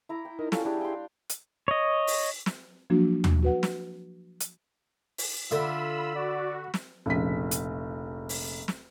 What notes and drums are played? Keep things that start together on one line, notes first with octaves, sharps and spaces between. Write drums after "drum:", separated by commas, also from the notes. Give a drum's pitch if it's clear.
E4 A#5 D6
G5
D#4 A#4
G3 C#4 F4 A4 F5, drum: snare
D4 E4 G4 G#4
G5 C6
drum: hi-hat
C#5 D#5
drum: open hi-hat
drum: snare
F3 F#3 A#3 D4 F#4
drum: tom D#2
F#4 B4 F#5
drum: snare
drum: hi-hat
drum: open hi-hat
D3 F4 E5 B5 E6
F#4 D5
drum: snare
F1 A#1 C#3 B6
drum: hi-hat
drum: open hi-hat
drum: snare